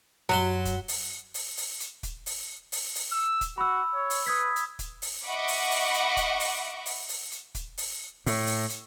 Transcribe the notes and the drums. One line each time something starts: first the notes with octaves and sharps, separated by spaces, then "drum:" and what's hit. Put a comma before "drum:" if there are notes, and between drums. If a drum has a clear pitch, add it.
F#2 F#3 F#4 F#5 B5 C6
drum: kick, hi-hat
drum: open hi-hat
drum: open hi-hat
drum: open hi-hat
drum: hi-hat
drum: kick, hi-hat
drum: open hi-hat
drum: open hi-hat
drum: open hi-hat
E6
drum: kick, hi-hat
F#4 B5 E6
C#5
drum: open hi-hat
B4 D#6 G#6 B6
drum: hi-hat
drum: kick, hi-hat
drum: open hi-hat
D#5 E5 F#5 B5 C#6 D6
drum: open hi-hat
drum: open hi-hat
drum: hi-hat
drum: kick, hi-hat
drum: open hi-hat
drum: open hi-hat
drum: open hi-hat
drum: hi-hat
drum: kick, hi-hat
drum: open hi-hat
A2, drum: open hi-hat
drum: open hi-hat
drum: hi-hat